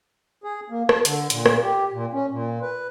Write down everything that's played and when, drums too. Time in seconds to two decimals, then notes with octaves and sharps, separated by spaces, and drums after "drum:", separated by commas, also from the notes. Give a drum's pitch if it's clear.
0.44 G#4
0.70 A#3
0.89 A5, drum: rim click
1.05 D3, drum: hi-hat
1.30 A#2, drum: hi-hat
1.46 drum: rim click
1.63 G4
1.93 A#2
2.13 C#4
2.31 A#2
2.62 B4